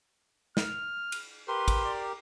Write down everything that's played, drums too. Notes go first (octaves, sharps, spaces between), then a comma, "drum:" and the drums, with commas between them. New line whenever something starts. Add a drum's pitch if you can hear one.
F6, drum: snare
drum: cymbal
G4 A#4 B4 C6
drum: kick, cymbal
D5